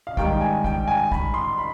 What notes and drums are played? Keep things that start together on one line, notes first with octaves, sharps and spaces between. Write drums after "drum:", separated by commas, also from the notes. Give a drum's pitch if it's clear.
F5
G#2 D#3 G3 G5, drum: kick
G#5
G5, drum: kick
G#5
B5, drum: kick
C6
B5